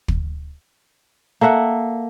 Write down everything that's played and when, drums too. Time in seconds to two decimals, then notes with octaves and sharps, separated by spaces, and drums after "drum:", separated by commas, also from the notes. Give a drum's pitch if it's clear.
0.08 drum: kick
1.41 A#3 A4 E5 F#5